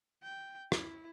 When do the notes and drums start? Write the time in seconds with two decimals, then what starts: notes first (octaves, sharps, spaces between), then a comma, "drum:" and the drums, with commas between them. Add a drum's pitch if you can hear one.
0.22 G5
0.72 E4, drum: rim click